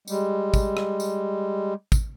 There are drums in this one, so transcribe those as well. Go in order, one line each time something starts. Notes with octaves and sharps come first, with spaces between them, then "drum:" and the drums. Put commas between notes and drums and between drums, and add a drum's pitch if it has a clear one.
G3 G#3, drum: tambourine
drum: kick, tambourine
drum: rim click
drum: tambourine
drum: kick, tambourine